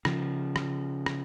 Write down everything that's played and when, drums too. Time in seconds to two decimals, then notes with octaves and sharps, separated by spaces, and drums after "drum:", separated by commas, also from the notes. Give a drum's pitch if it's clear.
0.05 C#3 F3, drum: rim click
0.56 drum: rim click
1.06 drum: rim click